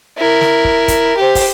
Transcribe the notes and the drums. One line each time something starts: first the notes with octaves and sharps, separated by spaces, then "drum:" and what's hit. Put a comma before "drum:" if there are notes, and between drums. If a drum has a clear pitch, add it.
E4 A#4
drum: snare
drum: kick
drum: kick, hi-hat
G4 C5
drum: kick, open hi-hat